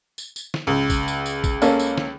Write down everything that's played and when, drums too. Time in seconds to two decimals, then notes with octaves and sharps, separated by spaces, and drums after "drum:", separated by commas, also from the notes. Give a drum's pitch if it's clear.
0.18 drum: tambourine
0.36 drum: tambourine
0.54 drum: snare
0.67 C#2
0.90 drum: kick A#1, tambourine
1.08 drum: tambourine
1.26 drum: tambourine
1.44 drum: kick A#1, tambourine
1.62 A#3 C#4 A4, drum: tambourine
1.80 drum: tambourine
1.98 drum: snare